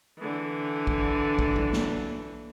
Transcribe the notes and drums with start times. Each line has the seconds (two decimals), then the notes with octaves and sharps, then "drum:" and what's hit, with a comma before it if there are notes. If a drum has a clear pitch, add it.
0.19 D3 E3
0.87 drum: kick
1.39 drum: kick
1.56 drum: tom F#3
1.73 drum: snare